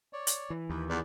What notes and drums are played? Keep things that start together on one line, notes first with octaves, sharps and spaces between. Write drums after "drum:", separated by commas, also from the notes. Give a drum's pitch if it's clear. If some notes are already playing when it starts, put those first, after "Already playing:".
C#5 D5
drum: hi-hat
E3
D#2 B4
E2 B3 D5